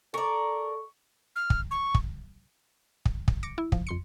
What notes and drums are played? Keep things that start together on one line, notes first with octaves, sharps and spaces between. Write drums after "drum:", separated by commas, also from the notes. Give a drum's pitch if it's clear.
A4 A#4 D5 C#6
F6
drum: kick
C#6
drum: kick
drum: kick
drum: kick
D6 A#6 C#7 D7
E4
F3, drum: kick
F2 C6 C#7